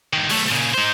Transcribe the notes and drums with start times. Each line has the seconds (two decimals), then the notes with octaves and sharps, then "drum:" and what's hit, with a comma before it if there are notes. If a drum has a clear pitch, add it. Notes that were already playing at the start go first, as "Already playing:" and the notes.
0.13 G2 D#3
0.29 B1 A3, drum: open hi-hat
0.50 A#2 C#3
0.74 D#4 C5